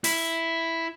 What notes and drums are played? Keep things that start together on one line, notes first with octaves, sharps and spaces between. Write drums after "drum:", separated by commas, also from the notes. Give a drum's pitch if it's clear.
E4, drum: open hi-hat